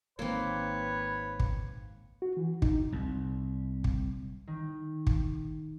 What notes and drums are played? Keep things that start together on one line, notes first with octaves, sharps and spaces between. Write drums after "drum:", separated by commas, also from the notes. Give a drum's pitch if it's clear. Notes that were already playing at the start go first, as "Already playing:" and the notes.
G#1 G#2 D#3 A#3 C4 B4 C#5
drum: kick
F#4
E3
D#4, drum: kick
C2
drum: kick
D#3
drum: kick